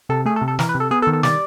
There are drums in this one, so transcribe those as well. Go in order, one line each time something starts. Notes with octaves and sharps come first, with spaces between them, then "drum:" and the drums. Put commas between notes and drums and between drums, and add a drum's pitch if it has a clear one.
C3 A4
A3 G#4
A4
C3
A4
E3 A#4, drum: snare
B4
C3
A4
B3 G#4
A4
D#3
A4
G3 D5, drum: snare